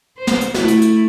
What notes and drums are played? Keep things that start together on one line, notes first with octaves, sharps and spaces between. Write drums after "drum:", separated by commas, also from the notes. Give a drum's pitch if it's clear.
C5
drum: snare
drum: hi-hat
A3 E4, drum: snare
drum: hi-hat
drum: hi-hat